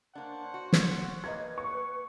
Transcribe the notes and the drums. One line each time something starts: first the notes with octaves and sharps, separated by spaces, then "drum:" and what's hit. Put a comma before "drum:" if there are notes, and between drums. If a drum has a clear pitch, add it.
A#3 D4 C5 C#5 F#5
F#4
drum: snare
G3 A#3 B4 D#5 G#6
C#6